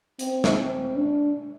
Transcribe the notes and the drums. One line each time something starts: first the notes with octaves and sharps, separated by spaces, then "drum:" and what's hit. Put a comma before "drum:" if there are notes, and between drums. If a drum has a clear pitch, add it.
C4, drum: hi-hat
drum: snare
C4
D4